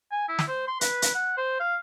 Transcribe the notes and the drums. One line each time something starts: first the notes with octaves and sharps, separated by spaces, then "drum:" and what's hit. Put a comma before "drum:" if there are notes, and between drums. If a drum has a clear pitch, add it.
G#5
E4
drum: snare
C5
C6
B4, drum: hi-hat
drum: hi-hat
F#5
C5
F5